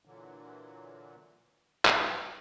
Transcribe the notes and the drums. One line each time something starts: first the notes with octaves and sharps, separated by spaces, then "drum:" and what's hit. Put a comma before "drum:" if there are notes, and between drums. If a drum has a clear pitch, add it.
A#2 D3 E3 F#3
G#5 F6 F#6, drum: clap